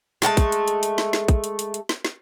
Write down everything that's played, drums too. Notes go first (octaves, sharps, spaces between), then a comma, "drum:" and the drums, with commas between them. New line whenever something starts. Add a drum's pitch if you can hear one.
G#3 A3 F#5 A5, drum: snare
drum: kick, hi-hat
drum: hi-hat
drum: hi-hat
drum: hi-hat
drum: snare
drum: snare
drum: kick, hi-hat
drum: hi-hat
drum: hi-hat
drum: hi-hat
drum: snare
drum: snare